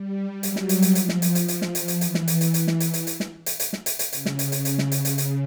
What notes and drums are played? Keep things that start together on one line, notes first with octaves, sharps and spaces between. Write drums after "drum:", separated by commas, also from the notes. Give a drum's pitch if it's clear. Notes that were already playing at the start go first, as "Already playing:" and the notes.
Already playing: G3
F#3, drum: hi-hat
drum: snare
drum: hi-hat
drum: hi-hat
F3, drum: hi-hat
drum: snare
drum: hi-hat
drum: hi-hat
drum: hi-hat
drum: snare
drum: hi-hat
drum: hi-hat
E3, drum: hi-hat
drum: snare
drum: hi-hat
drum: hi-hat
drum: hi-hat
drum: snare
drum: hi-hat
drum: hi-hat
drum: hi-hat
drum: snare
drum: hi-hat
drum: hi-hat
drum: snare
drum: hi-hat
drum: hi-hat
C#3, drum: hi-hat
drum: snare
drum: hi-hat
drum: hi-hat
C#3, drum: hi-hat
drum: snare
drum: hi-hat
drum: hi-hat
drum: hi-hat